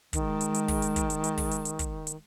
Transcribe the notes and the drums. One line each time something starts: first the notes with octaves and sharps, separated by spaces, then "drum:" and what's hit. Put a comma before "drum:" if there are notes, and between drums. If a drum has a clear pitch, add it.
D#3 G#3 A5, drum: kick, hi-hat
drum: hi-hat
drum: hi-hat
drum: kick, open hi-hat
drum: hi-hat
drum: kick, hi-hat
drum: hi-hat
drum: hi-hat
drum: kick, open hi-hat
drum: hi-hat
drum: hi-hat
drum: kick, hi-hat
drum: hi-hat